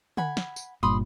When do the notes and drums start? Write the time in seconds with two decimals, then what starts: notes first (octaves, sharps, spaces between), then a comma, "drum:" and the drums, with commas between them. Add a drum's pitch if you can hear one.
0.17 F#5 G#5 B5, drum: tom D3
0.37 drum: snare
0.56 drum: tambourine
0.83 G1 G2 A#2 B5 C6 D#6